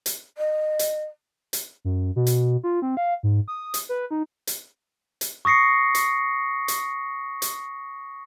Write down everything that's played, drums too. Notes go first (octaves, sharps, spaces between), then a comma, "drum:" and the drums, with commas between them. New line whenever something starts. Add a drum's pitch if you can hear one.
drum: hi-hat
D#5
drum: hi-hat
drum: hi-hat
F#2
B2
drum: hi-hat
F4
C4
F5
G#2
D#6
drum: hi-hat
B4
D#4
drum: hi-hat
drum: hi-hat
C#6 D#6 A#6 C7 C#7
drum: hi-hat
drum: hi-hat
drum: hi-hat